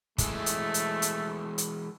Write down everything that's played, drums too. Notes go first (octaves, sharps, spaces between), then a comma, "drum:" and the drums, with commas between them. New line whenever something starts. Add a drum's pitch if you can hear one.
E3 G#3 A3 A4, drum: kick, hi-hat
drum: hi-hat
drum: hi-hat
drum: hi-hat
drum: hi-hat